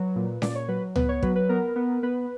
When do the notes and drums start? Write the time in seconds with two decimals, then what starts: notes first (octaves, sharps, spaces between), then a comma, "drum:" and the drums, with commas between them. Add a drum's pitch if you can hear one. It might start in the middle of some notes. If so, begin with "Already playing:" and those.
Already playing: F#3 B4
0.16 A#2
0.42 A#2 D5, drum: snare C#4
0.55 C#5
0.68 F#3 B4
0.96 B3 B4, drum: tom C#2
1.09 C#5
1.23 F#3 B4, drum: kick
1.36 B4
1.49 B3 A#4
1.76 B3
2.03 B3 B4